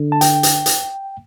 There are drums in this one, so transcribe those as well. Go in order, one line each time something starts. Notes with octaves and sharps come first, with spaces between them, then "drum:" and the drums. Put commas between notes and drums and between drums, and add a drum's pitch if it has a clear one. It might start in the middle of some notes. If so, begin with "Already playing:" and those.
Already playing: D3
A5
G5, drum: hi-hat
drum: hi-hat
drum: hi-hat